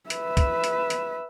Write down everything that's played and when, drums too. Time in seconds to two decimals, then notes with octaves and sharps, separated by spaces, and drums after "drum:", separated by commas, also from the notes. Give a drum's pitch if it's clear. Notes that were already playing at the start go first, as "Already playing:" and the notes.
0.10 B4 E5, drum: hi-hat
0.37 drum: kick, hi-hat
0.64 drum: hi-hat
0.90 drum: hi-hat